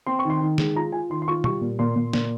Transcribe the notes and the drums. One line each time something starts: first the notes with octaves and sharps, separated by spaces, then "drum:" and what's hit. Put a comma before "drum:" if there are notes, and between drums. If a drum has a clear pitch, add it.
C4 C6
C#6
D#3 C6
D#3
G#3, drum: snare
F4 A#5
F4 G#5
D#3 C6
C6
F4 C#6
G3 C#6, drum: tom
A#2
A#2 C6
A#2
A#2, drum: snare